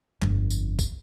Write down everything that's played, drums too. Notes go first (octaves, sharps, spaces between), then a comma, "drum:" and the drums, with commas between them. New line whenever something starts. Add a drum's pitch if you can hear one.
G1 F2, drum: clap
drum: tambourine
drum: kick, tambourine